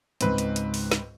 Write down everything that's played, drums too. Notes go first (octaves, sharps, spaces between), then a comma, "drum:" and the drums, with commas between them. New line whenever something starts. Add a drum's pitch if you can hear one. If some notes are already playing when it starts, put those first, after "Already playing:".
C#2 G#2 C4 B4, drum: hi-hat
drum: hi-hat
drum: hi-hat
drum: open hi-hat
drum: snare